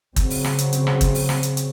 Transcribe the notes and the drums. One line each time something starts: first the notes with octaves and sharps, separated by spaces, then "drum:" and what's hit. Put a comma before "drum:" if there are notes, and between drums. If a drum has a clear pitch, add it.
C#3 F#3 C4, drum: kick, hi-hat
drum: open hi-hat
drum: rim click
drum: hi-hat
drum: hi-hat
drum: rim click
drum: kick, hi-hat
drum: open hi-hat
drum: rim click
drum: hi-hat
drum: hi-hat